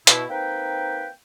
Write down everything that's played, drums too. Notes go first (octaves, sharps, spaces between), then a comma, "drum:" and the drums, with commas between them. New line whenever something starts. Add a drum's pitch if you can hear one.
B2 E4, drum: hi-hat
A#3 C4 D#4 B4 G5